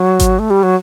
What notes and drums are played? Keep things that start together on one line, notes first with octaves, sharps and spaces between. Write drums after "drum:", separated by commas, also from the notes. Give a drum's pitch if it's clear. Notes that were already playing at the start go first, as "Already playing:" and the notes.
Already playing: F#3
drum: kick G#1, hi-hat
A3
G3
F#3